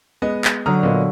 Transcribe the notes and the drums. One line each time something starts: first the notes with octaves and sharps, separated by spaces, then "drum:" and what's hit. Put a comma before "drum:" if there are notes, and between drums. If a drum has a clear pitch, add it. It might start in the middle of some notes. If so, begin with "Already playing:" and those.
G#3 B3 D#5
drum: clap
D3 F#3 A#5 D#6 F6
A#2 B3 D#5